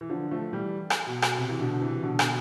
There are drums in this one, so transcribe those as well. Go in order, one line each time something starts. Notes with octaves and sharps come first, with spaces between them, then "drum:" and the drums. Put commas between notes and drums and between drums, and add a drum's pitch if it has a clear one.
E3
D3 F3
F3 A3
E3 G3
drum: rim click
B2
drum: rim click
C3
E3
B2 D3
C3 E3
B2 D3
B2, drum: rim click